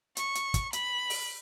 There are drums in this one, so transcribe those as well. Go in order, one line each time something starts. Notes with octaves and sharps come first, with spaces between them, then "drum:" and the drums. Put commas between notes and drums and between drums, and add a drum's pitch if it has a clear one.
C#6, drum: hi-hat
drum: hi-hat
drum: kick, hi-hat
B5, drum: hi-hat
drum: open hi-hat